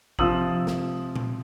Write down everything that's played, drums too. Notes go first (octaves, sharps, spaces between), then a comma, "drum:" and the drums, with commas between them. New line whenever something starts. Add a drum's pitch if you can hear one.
C3 F3 D#6 E6 F#7, drum: kick A1
drum: snare
drum: tom A#2